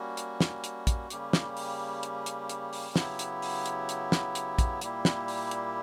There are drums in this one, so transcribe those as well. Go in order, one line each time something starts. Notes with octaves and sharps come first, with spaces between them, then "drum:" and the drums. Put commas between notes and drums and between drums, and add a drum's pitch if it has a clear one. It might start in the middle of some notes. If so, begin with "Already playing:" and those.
Already playing: G3 A#3 C#4 F#4
drum: hi-hat
drum: snare
drum: hi-hat
drum: kick, hi-hat
C#3 G3 A#3 C#4 G4, drum: hi-hat
drum: snare
drum: open hi-hat
drum: hi-hat
drum: hi-hat
drum: hi-hat
drum: open hi-hat
C#3 F#3 B3 E4 G4, drum: snare
drum: hi-hat
drum: open hi-hat
drum: hi-hat
drum: hi-hat
drum: snare
drum: hi-hat
drum: kick, hi-hat
A#2 G3 A#3 E4 G4, drum: hi-hat
drum: snare
drum: open hi-hat
drum: hi-hat